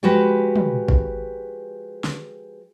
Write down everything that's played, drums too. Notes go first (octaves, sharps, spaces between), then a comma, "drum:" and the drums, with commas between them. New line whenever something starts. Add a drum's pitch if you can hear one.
F3 G#3 F#4 G4 B4
drum: tom
drum: kick
drum: snare